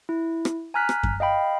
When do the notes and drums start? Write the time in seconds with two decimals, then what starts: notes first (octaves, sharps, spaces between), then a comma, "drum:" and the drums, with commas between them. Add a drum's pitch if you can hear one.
0.09 E4
0.45 drum: rim click
0.74 G#5 A#5 F6 F#6 B6
0.89 drum: rim click
1.03 drum: kick F#2
1.20 D#5 F5 G5 B5